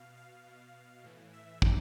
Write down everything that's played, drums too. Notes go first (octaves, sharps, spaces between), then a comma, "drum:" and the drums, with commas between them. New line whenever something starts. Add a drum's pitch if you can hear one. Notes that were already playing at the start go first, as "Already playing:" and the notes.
Already playing: B2 F5
F5
B2
A2 E3
E5
drum: kick